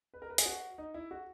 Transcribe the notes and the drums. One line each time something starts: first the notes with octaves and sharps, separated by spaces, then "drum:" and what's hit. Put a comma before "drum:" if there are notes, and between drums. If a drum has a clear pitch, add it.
B4
A#4
B4
G#4, drum: hi-hat
F#4
D#4
E4
F#4